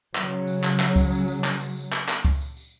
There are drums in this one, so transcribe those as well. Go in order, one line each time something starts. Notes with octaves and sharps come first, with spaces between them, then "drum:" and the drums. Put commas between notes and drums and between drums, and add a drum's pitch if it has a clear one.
C#3 F#3, drum: clap
drum: tambourine
drum: clap
drum: clap
drum: kick C#2, tambourine
drum: tambourine
drum: tambourine
drum: clap
drum: tambourine
drum: tambourine
drum: clap
drum: clap
drum: kick C#2, tambourine
drum: tambourine
drum: tambourine